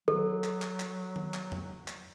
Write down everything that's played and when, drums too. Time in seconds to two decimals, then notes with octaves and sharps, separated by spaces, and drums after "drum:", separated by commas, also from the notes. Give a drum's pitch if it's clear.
0.08 F#3 A4, drum: tom D#3
0.44 drum: clap
0.62 drum: clap
0.80 drum: clap
1.16 drum: tom D#3
1.34 drum: clap
1.52 drum: tom F2
1.88 drum: clap